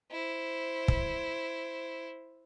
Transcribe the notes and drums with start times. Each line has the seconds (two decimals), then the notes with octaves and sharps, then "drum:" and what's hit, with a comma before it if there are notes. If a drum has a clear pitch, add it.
0.12 E4 C5
0.88 drum: kick